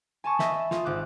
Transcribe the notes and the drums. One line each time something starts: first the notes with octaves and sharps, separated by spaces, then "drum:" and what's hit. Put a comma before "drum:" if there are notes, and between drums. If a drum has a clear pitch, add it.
G#5 A5 C#6 D#6
D#5 E5 B5, drum: snare
E5 E7
F4 D#6, drum: snare
G#1 D6 F#6